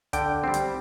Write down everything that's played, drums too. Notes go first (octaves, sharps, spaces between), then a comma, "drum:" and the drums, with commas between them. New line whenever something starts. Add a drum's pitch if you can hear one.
D3 G5, drum: kick, hi-hat
G3 C4
drum: hi-hat